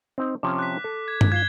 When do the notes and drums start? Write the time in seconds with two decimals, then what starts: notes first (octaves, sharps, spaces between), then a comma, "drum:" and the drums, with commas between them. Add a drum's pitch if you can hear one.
0.18 C4 D#4
0.43 C3 F3 C#4 D6
0.59 F#6 B6
0.84 A4
1.08 G#6
1.21 drum: tom G2
1.32 F4 G#6 C7 G7